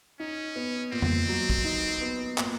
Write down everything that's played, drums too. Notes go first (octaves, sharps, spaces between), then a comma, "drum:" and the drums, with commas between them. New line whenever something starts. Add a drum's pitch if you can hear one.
C#4 D#4
B3
A#2 C4
drum: tom F2
F#3
drum: kick
D#4
B3
A#2, drum: clap